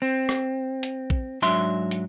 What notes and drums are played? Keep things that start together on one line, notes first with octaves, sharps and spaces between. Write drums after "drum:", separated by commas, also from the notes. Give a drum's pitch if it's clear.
C4
drum: rim click
drum: hi-hat
drum: kick
G#2 F#3 D4 E5 C6
drum: hi-hat